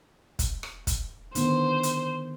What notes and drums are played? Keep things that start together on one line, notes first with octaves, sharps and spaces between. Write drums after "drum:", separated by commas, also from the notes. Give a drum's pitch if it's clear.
drum: kick, hi-hat
drum: rim click
drum: kick, hi-hat
D3 D#3 B3 C5, drum: hi-hat
drum: hi-hat